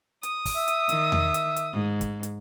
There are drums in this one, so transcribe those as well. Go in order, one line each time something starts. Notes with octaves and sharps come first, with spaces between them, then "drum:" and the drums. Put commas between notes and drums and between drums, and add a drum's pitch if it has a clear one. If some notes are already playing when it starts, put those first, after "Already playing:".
D#6, drum: hi-hat
drum: kick, open hi-hat
E5
drum: hi-hat
D#3, drum: hi-hat
drum: tom E2
drum: hi-hat
drum: hi-hat
G#2
drum: kick, hi-hat
drum: hi-hat